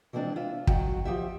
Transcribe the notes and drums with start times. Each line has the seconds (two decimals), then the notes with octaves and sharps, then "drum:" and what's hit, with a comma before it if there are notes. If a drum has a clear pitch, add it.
0.13 E3 F3 G#3 C4 D4
0.36 F4 E5
0.67 D#3 F#3 F#4 G5, drum: kick
1.05 F3 G4 E5